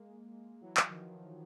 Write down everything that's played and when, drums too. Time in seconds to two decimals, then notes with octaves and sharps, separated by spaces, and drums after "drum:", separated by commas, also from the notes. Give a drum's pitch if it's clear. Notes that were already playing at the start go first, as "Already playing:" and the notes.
Already playing: G#3 A#3
0.61 E3 F#3
0.77 drum: clap
0.89 D#3 F3